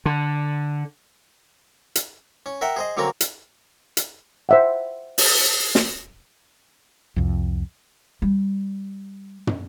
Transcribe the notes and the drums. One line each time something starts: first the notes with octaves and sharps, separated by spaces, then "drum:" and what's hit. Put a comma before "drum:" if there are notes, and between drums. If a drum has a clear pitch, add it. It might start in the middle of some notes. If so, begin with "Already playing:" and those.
D3
drum: hi-hat
C#4
A#4 E5 F#5 G5
G#4 C5 D#5
D3 F#3 A#3 C4 C#4 A#4
drum: hi-hat
drum: hi-hat
C5 E5 F#5
drum: open hi-hat
drum: snare
C2 F2
G3
drum: tom